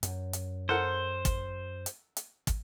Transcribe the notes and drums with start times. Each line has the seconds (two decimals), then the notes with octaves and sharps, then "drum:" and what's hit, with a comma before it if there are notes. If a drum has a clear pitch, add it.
0.03 F#2, drum: hi-hat
0.33 drum: hi-hat
0.69 A4 A#4 C5 F#5
1.25 drum: kick, hi-hat
1.86 drum: hi-hat
2.17 drum: hi-hat
2.47 drum: kick, hi-hat